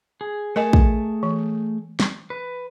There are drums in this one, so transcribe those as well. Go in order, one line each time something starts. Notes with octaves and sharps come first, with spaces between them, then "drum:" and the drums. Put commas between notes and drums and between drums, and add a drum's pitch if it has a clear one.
G#4
A3 G#4 A#4 D#5 G#5 A5
drum: kick
E3
drum: snare
B4